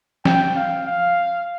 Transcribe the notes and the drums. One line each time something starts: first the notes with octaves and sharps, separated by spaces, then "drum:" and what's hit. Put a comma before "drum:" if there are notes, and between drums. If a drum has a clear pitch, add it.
G5, drum: snare
F5
F5